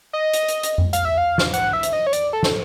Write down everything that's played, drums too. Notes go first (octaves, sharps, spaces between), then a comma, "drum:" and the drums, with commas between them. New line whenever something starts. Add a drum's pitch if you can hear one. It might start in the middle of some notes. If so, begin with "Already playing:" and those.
D#5
drum: hi-hat
drum: hi-hat
drum: hi-hat
drum: tom F2
F5, drum: hi-hat
E5
F5
drum: snare
F#5, drum: hi-hat
E5
drum: hi-hat
D#5
C#5
D5, drum: hi-hat
A4
drum: snare